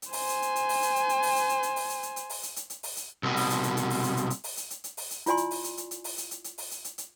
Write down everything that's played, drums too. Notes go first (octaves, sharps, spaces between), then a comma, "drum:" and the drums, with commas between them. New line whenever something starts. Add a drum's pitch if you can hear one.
drum: hi-hat
C5 G#5, drum: open hi-hat
drum: hi-hat
drum: hi-hat
drum: hi-hat
drum: open hi-hat
drum: hi-hat
drum: hi-hat
drum: hi-hat
drum: open hi-hat
drum: hi-hat
drum: hi-hat
drum: hi-hat
drum: open hi-hat
drum: hi-hat
drum: hi-hat
drum: hi-hat
drum: open hi-hat
drum: hi-hat
drum: hi-hat
drum: hi-hat
drum: open hi-hat
drum: hi-hat
C2 B2
drum: open hi-hat
drum: hi-hat
drum: hi-hat
drum: hi-hat
drum: open hi-hat
drum: hi-hat
drum: hi-hat
drum: hi-hat
drum: open hi-hat
drum: hi-hat
drum: hi-hat
drum: hi-hat
drum: open hi-hat
drum: hi-hat
E4 F4 D5 G#5 C6, drum: hi-hat
drum: hi-hat
drum: open hi-hat
drum: hi-hat
drum: hi-hat
drum: hi-hat
drum: open hi-hat
drum: hi-hat
drum: hi-hat
drum: hi-hat
drum: open hi-hat
drum: hi-hat
drum: hi-hat
drum: hi-hat